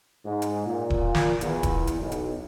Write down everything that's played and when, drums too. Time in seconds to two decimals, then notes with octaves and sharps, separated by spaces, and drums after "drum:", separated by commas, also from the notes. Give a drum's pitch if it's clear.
0.24 G#2
0.42 drum: hi-hat
0.66 A#2
0.90 drum: kick D#1
1.15 drum: snare
1.41 E2, drum: hi-hat
1.63 drum: kick D#1, hi-hat
1.87 drum: hi-hat
1.99 B1
2.12 drum: hi-hat